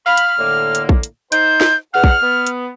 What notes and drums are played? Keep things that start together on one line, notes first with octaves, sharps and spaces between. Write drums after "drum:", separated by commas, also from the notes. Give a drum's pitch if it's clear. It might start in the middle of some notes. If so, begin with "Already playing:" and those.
F5 B5 F6
drum: hi-hat
A2 D3 A#3
drum: hi-hat
drum: kick A#1
drum: hi-hat
D#4 C5 G6, drum: hi-hat
drum: snare
E2 F#5 F6
drum: kick A#1
B3
drum: hi-hat